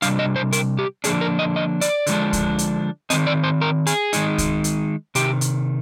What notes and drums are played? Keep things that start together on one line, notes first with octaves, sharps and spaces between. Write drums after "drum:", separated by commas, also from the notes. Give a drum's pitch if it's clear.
C3 G3 D4 F5, drum: hi-hat
D#5
C5
A#4, drum: hi-hat
G4
D3 F3 A#3 D4 G#4, drum: hi-hat
A#4
D#5
D#5
D5, drum: hi-hat
D3 F3 G#3 D4, drum: hi-hat
drum: kick C2, hi-hat
drum: hi-hat
D#3 G3 C4 D#5, drum: hi-hat
D5
C5
A#4
G#4, drum: hi-hat
D#3 G#3 D#4, drum: hi-hat
drum: kick C2, hi-hat
drum: hi-hat
C3 D#3 G4, drum: hi-hat
drum: hi-hat